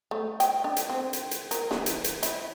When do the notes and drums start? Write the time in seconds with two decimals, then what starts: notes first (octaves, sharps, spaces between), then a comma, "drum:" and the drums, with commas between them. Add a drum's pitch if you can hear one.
0.11 A3
0.40 G5, drum: hi-hat
0.64 D4
0.76 drum: hi-hat
0.90 C4
1.13 drum: hi-hat
1.31 drum: hi-hat
1.51 A#4, drum: hi-hat
1.71 E3, drum: snare
1.86 drum: hi-hat
2.04 drum: hi-hat
2.23 E4, drum: hi-hat